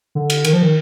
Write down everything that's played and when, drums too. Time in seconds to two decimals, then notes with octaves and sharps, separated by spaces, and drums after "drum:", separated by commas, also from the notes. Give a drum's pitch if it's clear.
0.15 D3
0.30 drum: cymbal
0.45 D#3, drum: cymbal
0.53 F3
0.62 D#3